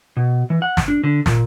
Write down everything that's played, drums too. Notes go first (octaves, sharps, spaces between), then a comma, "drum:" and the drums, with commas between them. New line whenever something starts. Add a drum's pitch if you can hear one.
B2
E3
F#5
drum: snare
D4
D3
A#2, drum: snare